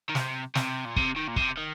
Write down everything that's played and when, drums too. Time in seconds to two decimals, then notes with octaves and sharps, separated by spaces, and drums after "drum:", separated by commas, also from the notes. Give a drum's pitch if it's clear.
0.09 D#3
0.15 C3, drum: snare
0.55 C3, drum: snare
0.85 A#2
0.96 C3, drum: kick
1.16 D#3
1.28 A#2
1.36 C3, drum: kick
1.57 D#3